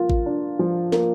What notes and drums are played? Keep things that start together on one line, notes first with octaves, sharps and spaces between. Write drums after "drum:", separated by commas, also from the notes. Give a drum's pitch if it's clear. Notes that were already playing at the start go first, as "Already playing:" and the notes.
Already playing: F3 A#3 F4
drum: kick A1
D4
F3
A#3, drum: snare